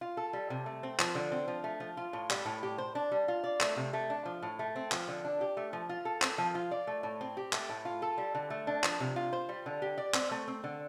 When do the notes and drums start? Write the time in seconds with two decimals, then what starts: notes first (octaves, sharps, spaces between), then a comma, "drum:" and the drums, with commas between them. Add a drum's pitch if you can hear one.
0.01 F4
0.17 A4
0.33 G3
0.50 C3
0.66 A3
0.83 C4
1.00 F3, drum: clap
1.15 D3
1.32 C4
1.48 F3
1.64 A3
1.80 F3
1.97 F4
2.13 A2
2.30 G3, drum: clap
2.46 A2
2.63 G4
2.78 C5
2.95 D4
3.12 G3
3.28 F4
3.44 D5
3.61 A3, drum: clap
3.77 C3
3.93 A3
4.10 D4
4.26 F3
4.43 A2
4.59 A3
4.76 C4
4.92 F3, drum: clap
5.08 D3
5.25 D4
5.41 G4
5.57 A3
5.73 F3
5.89 F4
6.05 A4
6.22 C4, drum: clap
6.38 F3
6.55 F4
6.71 D5
6.87 A3
7.03 A2
7.21 C4
7.37 G4
7.53 A3, drum: clap
7.69 A2
7.85 F4
8.02 A4
8.18 G3
8.35 D3
8.50 A3
8.67 D4
8.84 F3, drum: clap
9.00 C3
9.16 F4
9.33 C5
9.49 G3
9.66 D3
9.82 G4
9.98 D5
10.14 C4, drum: clap
10.31 A3
10.48 C4
10.64 D3